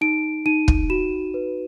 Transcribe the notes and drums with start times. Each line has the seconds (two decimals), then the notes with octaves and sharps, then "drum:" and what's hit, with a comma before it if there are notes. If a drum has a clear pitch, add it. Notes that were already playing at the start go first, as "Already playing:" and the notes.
0.01 D#4 D7
0.46 D#4 D#7
0.68 drum: kick
0.90 F#4 E7
1.34 B4